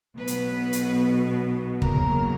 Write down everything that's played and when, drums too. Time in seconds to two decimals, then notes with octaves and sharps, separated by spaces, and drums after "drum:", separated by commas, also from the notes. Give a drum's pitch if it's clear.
0.16 B1 B2 F#3 B3 B4
0.27 drum: hi-hat
0.73 drum: hi-hat
1.82 E2 C#3 F#3 A#3 A#4, drum: kick